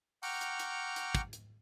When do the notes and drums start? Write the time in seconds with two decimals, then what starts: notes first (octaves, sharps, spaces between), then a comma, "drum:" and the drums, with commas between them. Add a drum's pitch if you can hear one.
0.23 F#5 G5 A#5 C#6 D6 F6, drum: open hi-hat
0.41 drum: hi-hat
0.60 drum: hi-hat
0.96 drum: hi-hat
1.15 drum: kick, hi-hat
1.33 drum: hi-hat